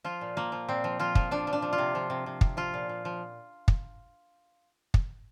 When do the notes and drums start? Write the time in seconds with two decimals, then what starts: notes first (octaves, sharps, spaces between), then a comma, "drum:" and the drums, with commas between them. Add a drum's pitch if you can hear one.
0.04 F3 F4
0.21 A#2
0.37 F3 A#3
0.52 F3
0.68 A#2 C4
0.84 F3
0.99 F3 F4
1.15 F3, drum: kick
1.31 F3 D4
1.47 F3
1.53 D4
1.62 F3
1.73 F4
1.78 C3
1.95 F3
2.10 C3
2.26 C3
2.41 C3, drum: kick
2.57 F3 F4
2.74 A#2
2.89 A#2
3.05 F3
3.68 drum: kick
4.94 drum: kick